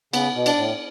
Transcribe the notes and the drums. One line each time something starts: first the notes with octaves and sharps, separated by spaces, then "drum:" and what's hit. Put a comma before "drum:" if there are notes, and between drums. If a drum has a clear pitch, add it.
C#3 B3, drum: cymbal
B2
D4, drum: cymbal
A2